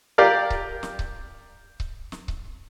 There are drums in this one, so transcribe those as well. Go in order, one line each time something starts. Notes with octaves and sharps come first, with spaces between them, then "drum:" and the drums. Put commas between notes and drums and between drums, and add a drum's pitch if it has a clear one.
F4 G4 A#4 D5 F5
drum: kick C#1
drum: snare
drum: kick C#1
drum: kick C#1
drum: snare
drum: kick C#1